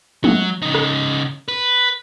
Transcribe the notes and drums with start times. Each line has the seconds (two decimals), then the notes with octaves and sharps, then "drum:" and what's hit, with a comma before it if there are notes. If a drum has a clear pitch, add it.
0.24 F#3, drum: tom G#3
0.62 C#3 D#4
0.74 drum: rim click
1.48 B4